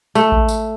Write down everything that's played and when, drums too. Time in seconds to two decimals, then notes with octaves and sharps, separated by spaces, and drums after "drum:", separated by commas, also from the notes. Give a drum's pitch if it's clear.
0.15 A3, drum: tambourine
0.32 drum: kick A1
0.49 drum: tambourine